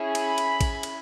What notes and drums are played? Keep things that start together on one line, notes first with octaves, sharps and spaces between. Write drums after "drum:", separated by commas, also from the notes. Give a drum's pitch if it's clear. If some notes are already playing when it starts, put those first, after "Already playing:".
Already playing: C#4 E4 G#4
B5, drum: cymbal
drum: cymbal
drum: kick A1, cymbal
drum: cymbal